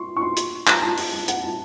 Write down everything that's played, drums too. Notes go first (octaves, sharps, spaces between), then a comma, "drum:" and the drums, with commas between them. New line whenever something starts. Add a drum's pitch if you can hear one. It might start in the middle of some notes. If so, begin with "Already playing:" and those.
Already playing: C6 C#6
C#6
C6
drum: hi-hat
A#5, drum: clap
A5
drum: open hi-hat
A5
F#5, drum: hi-hat
A5